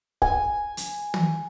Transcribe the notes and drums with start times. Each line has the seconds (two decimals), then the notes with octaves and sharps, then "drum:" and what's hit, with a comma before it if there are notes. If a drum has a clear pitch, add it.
0.22 G#5, drum: kick
0.77 drum: hi-hat
1.14 drum: tom